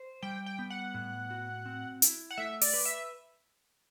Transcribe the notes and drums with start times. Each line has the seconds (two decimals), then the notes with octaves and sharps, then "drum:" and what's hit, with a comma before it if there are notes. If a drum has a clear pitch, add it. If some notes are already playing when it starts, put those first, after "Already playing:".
Already playing: C5
0.22 G3 G5
0.46 G5
0.59 B3
0.70 F#5
0.94 A2
1.31 F#4
1.66 C4
2.02 E4, drum: hi-hat
2.31 F#5
2.38 A3 E5
2.61 D5, drum: open hi-hat
2.74 B4
2.85 E5